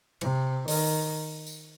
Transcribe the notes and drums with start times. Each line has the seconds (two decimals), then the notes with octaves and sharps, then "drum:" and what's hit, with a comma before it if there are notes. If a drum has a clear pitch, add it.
0.21 C3, drum: cymbal
0.68 D#3, drum: open hi-hat
1.47 drum: tambourine